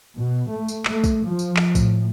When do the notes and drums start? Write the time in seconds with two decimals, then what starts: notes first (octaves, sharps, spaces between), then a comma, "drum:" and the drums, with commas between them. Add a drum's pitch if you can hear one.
0.17 B2
0.51 A3
0.68 drum: tambourine
0.85 A3, drum: clap
1.04 drum: kick, tambourine
1.24 F3
1.39 drum: tambourine
1.56 drum: clap
1.75 A2, drum: kick, tambourine